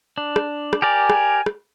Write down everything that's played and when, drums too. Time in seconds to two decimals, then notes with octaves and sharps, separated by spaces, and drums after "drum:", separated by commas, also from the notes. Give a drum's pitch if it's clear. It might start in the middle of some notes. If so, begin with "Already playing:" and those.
0.18 D4
0.36 drum: rim click
0.73 drum: rim click
0.82 G4 A#4 D5 G#5
1.10 drum: rim click
1.46 drum: rim click